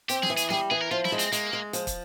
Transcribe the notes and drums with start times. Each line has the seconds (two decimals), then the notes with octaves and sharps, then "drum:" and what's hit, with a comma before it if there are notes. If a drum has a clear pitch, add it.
0.09 C4 G4, drum: hi-hat
0.23 G#4, drum: snare
0.30 E3
0.37 G#4, drum: hi-hat
0.50 G3 G#4, drum: snare
0.71 E3 G#4
0.81 A#4
0.91 F3 F4
1.05 E4, drum: snare
1.12 G#3
1.19 C4, drum: hi-hat
1.32 G#3 A#3, drum: hi-hat
1.53 G#3
1.73 F3, drum: hi-hat
1.87 drum: kick, hi-hat